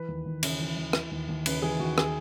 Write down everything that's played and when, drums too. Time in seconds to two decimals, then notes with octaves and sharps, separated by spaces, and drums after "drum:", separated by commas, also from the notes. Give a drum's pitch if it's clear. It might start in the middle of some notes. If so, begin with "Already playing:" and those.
Already playing: E3 B4
0.08 D#2
0.26 D#2
0.43 C#3, drum: cymbal
0.60 E3
0.77 D#2
0.93 E3, drum: rim click
1.11 D#2
1.29 D#2
1.46 C#3 B4, drum: cymbal
1.62 E3 G#4
1.79 D#2 F#4
1.98 G#4, drum: rim click